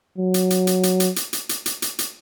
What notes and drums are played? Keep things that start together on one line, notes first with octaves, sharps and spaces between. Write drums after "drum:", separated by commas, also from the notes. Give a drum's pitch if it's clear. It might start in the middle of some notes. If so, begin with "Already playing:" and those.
F#3
drum: hi-hat
drum: hi-hat
drum: hi-hat
drum: hi-hat
drum: hi-hat
drum: hi-hat
drum: hi-hat
drum: hi-hat
drum: hi-hat
drum: hi-hat
drum: hi-hat